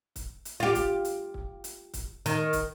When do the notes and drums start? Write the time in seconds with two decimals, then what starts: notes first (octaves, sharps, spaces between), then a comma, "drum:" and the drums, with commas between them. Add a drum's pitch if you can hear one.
0.16 drum: kick, hi-hat
0.45 drum: hi-hat
0.60 F4 G4
0.75 drum: kick, hi-hat
1.05 drum: hi-hat
1.34 drum: kick
1.64 drum: hi-hat
1.94 drum: kick, hi-hat
2.26 D#3, drum: hi-hat
2.53 drum: kick, hi-hat